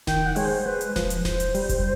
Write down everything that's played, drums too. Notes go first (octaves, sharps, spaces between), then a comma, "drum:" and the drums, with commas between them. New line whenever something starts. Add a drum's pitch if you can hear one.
D#3 G5, drum: snare E1
F#5
G#3 C#5, drum: open hi-hat
C5
G#3 B4
drum: hi-hat
F3, drum: snare E1
drum: hi-hat
C5, drum: snare E1
drum: hi-hat
G3, drum: open hi-hat
drum: kick F1, hi-hat